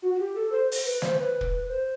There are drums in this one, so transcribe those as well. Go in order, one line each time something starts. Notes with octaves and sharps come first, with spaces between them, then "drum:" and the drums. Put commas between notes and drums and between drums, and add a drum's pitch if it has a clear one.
F#4
F#4
G4
A4
C5
drum: open hi-hat
B4
C5, drum: snare
B4
drum: kick
C5